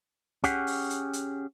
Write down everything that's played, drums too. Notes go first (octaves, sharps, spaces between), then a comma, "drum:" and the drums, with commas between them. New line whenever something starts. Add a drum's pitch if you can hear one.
C#4 G4 G#4 F#5, drum: kick, hi-hat
drum: open hi-hat
drum: hi-hat
drum: hi-hat